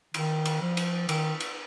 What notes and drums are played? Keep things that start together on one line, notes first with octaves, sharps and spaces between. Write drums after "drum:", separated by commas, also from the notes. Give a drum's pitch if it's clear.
D#3, drum: cymbal
drum: cymbal
F3
drum: cymbal
D#3, drum: cymbal
drum: cymbal